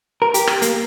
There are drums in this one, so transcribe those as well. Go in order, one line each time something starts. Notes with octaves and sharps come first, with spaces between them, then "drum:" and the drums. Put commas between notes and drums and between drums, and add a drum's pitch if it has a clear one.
A#4
G4, drum: hi-hat
drum: rim click
A#3, drum: hi-hat